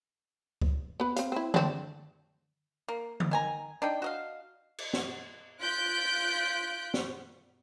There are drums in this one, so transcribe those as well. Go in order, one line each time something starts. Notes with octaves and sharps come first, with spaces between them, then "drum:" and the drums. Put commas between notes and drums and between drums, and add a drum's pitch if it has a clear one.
drum: kick C#2
B3 B4
C4 F5, drum: hi-hat
C4 E4
A3 C4 D4, drum: tom D3
A#3
drum: tom D3
D#3 G#5 A#5
D4 D#4 G5
F#4 D#5 F5
drum: cymbal
drum: snare
F4 F#6 G6 B6 D7
drum: snare